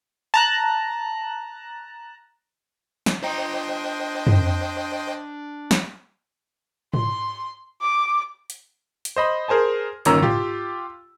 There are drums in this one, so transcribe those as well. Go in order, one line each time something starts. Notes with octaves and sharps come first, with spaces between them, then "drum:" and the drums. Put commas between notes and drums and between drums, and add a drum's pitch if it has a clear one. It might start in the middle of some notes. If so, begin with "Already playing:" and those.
A5 A#5 F#6
drum: snare
D4 C5 D#5 G5 A#5
drum: tom
drum: snare
C6, drum: tom
D6
drum: hi-hat
drum: hi-hat
C5 D#5 B5
G#4 A#4 C5 G#5 A5
G1 A#2 D#3 C#4 A#5 E6, drum: hi-hat
F4 G4, drum: tom